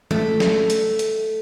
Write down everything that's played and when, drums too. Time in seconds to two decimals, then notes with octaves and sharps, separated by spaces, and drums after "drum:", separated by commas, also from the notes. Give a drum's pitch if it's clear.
0.11 A3, drum: tom D#3
0.40 drum: snare
0.70 drum: hi-hat
0.99 drum: hi-hat